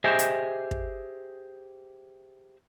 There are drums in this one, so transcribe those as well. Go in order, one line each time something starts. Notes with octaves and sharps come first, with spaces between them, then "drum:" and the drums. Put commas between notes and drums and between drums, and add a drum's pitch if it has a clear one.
G4 G#4 C5 D#5 E5 G#5
drum: hi-hat
drum: kick